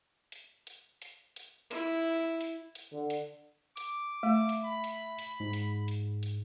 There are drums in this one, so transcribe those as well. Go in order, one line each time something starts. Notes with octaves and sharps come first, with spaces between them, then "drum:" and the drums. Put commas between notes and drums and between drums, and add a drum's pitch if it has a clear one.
drum: hi-hat
drum: hi-hat
drum: hi-hat
drum: hi-hat
E4, drum: hi-hat
drum: hi-hat
drum: hi-hat
D3
drum: hi-hat
D6, drum: hi-hat
A3 E5
drum: hi-hat
B5
drum: hi-hat
drum: hi-hat
G#2
drum: hi-hat
drum: hi-hat
drum: hi-hat